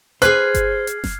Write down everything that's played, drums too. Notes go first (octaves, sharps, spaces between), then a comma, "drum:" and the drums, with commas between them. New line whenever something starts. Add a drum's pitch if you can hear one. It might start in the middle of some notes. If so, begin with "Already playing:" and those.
G#4 B4 C5 F6 F#6 G#6 C7, drum: hi-hat
drum: kick G1, hi-hat
drum: hi-hat
drum: snare